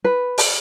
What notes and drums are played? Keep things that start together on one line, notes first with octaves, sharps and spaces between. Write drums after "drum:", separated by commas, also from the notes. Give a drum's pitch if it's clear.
B4
drum: open hi-hat